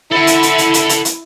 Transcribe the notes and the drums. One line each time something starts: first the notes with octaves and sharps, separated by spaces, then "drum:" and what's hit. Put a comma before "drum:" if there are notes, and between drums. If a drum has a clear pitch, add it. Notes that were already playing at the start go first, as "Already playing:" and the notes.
E4 A4 F#5
drum: hi-hat
drum: hi-hat
drum: hi-hat
drum: hi-hat
drum: hi-hat
drum: hi-hat